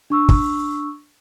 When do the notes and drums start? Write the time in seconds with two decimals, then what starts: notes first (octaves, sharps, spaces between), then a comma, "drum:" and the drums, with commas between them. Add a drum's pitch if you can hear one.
0.10 D4 C#6 E6
0.29 drum: kick